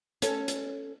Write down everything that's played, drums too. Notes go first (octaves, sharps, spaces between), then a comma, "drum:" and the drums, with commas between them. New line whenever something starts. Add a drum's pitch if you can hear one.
C#4 A4, drum: hi-hat
drum: hi-hat